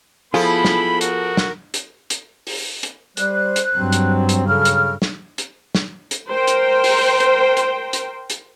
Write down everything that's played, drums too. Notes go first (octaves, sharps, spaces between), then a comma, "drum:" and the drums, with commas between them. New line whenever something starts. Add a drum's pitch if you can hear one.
F3 B3 E4 F4 G#4 A4 B5
drum: snare
F#4 A#4, drum: hi-hat
drum: snare
drum: hi-hat
drum: hi-hat
drum: open hi-hat
drum: hi-hat
G3 C5 F#6, drum: hi-hat
drum: hi-hat
G2 F#3 C4
drum: hi-hat
drum: hi-hat
C#3 A4 F6
drum: hi-hat
drum: snare
drum: hi-hat
drum: snare
drum: hi-hat
A#4 C5 G5
drum: hi-hat
drum: open hi-hat
drum: hi-hat
drum: hi-hat
drum: hi-hat
drum: hi-hat